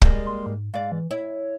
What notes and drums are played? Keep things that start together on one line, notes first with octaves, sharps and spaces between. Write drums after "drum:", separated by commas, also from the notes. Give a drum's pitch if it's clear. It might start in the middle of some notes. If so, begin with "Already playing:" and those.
G3 G#3 A#3, drum: kick
C6
G#2
G#2 D5 F5
E3
E4 C#5